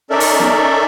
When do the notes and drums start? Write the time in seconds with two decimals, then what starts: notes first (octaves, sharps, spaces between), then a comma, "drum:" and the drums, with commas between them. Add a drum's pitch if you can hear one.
0.10 C#4 D#4 A4 A#4 D5 E5
0.20 drum: open hi-hat
0.39 drum: snare